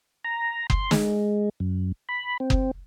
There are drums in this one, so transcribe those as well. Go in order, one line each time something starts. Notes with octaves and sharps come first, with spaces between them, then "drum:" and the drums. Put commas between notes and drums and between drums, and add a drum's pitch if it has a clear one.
A#5
C6, drum: kick F#1
G#3, drum: snare
F#2
B5
C4
drum: kick F#1